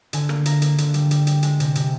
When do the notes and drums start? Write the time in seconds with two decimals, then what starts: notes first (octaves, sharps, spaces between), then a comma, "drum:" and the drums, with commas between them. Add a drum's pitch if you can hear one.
0.13 D3 G#5, drum: hi-hat
0.29 A#3, drum: rim click
0.46 A#3 A#5, drum: hi-hat
0.62 A#3, drum: hi-hat
0.78 D3, drum: hi-hat
0.94 G3, drum: hi-hat
1.11 G3, drum: hi-hat
1.27 G3, drum: hi-hat
1.43 G#3, drum: hi-hat
1.60 C3, drum: hi-hat
1.75 C3, drum: hi-hat